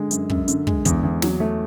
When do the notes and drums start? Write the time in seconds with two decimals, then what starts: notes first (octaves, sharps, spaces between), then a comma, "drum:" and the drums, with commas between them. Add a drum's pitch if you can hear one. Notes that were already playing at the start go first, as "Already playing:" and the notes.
Already playing: D3 G#3
0.11 F#2, drum: hi-hat
0.30 F#2, drum: kick
0.48 D3, drum: hi-hat
0.67 G#3, drum: kick
0.85 E2, drum: kick, hi-hat
1.03 E2
1.22 F#3, drum: snare
1.40 A3